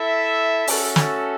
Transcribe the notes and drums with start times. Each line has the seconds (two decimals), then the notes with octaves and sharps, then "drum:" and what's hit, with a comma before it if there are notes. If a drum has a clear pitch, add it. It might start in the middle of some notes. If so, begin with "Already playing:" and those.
Already playing: E4 A4 E5
0.67 C#4 F#4 A4 E5, drum: open hi-hat
0.96 drum: snare